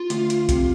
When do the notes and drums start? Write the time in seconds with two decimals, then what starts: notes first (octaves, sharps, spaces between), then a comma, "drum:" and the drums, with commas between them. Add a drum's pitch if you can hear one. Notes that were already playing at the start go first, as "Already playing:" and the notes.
Already playing: F4
0.10 D2, drum: hi-hat
0.30 drum: hi-hat
0.49 C3, drum: kick B1, hi-hat